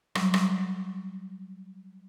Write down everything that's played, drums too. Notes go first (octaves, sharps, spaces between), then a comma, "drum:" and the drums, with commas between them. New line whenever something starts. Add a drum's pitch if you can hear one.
F#3 G3, drum: rim click
drum: rim click